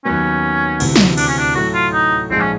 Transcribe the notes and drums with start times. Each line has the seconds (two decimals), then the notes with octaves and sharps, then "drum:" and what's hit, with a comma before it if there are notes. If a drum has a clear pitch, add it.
0.05 D#2 D#3 F#3 B3 C#4
0.80 D2 C3 E3, drum: cymbal
0.96 drum: snare
1.17 D4, drum: cymbal
1.28 C#4
1.38 D4
1.55 A2 F#3 A3 F#4
1.74 F4
1.93 D#4
2.30 A#1 G#2 F3 G#3 C4
2.41 C#4